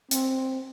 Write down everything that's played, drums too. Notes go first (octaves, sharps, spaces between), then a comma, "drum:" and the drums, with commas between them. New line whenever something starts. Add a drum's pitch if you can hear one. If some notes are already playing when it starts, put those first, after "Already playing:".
C4, drum: hi-hat